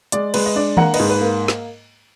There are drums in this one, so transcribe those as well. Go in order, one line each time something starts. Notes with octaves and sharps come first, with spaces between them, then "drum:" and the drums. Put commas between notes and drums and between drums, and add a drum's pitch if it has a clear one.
G#3 D5, drum: hi-hat
G#3 B4, drum: cymbal
D#5
D4 D5
A#3 F#5 A#5, drum: tom D#3
B4 D#5, drum: cymbal
G#2
B4
A#3
drum: snare